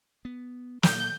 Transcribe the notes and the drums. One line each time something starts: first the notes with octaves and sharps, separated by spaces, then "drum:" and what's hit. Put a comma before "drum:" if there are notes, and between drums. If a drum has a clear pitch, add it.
B3
A#2 F#3 A#3 G6, drum: snare